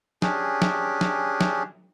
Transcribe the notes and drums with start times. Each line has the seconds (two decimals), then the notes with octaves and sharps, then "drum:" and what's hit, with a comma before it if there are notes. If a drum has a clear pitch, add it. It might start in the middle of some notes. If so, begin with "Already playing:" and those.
0.22 C#4 D4 G4 G#4, drum: snare
0.62 drum: snare
1.01 drum: snare
1.41 drum: snare